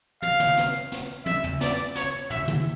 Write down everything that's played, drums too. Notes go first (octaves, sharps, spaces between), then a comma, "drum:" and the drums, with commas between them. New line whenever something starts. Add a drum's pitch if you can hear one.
F5, drum: tom
drum: tom
drum: snare
drum: snare
E5, drum: tom
drum: tom
D5, drum: snare
C#5, drum: snare
E5, drum: tom
drum: tom